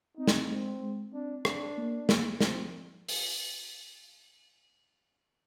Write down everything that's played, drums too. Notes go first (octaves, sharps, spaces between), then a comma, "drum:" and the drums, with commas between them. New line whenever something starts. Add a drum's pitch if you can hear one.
C4 D#4
drum: snare
G#3 C4
G#3
C4 D4
D4, drum: rim click
A#3
A#3, drum: snare
F3 C4, drum: snare
drum: open hi-hat